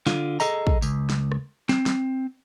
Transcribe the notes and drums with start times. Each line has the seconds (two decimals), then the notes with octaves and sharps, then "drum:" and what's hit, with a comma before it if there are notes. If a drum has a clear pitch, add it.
0.07 D3 F4, drum: snare
0.40 G#4 A4 D#5 A#5, drum: tambourine
0.67 drum: kick
0.82 C#2, drum: tambourine
1.10 drum: snare
1.32 drum: rim click
1.69 C4, drum: snare
1.86 drum: snare